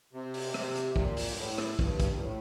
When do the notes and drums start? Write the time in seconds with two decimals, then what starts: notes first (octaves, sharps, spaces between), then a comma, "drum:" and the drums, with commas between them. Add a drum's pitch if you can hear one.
0.13 C3
0.34 drum: open hi-hat
0.54 C3, drum: rim click
0.75 drum: hi-hat
0.96 A#2, drum: kick
1.17 drum: open hi-hat
1.30 G2
1.37 A2
1.58 drum: rim click
1.79 G2, drum: kick
2.00 drum: kick, hi-hat
2.15 A#2
2.20 A2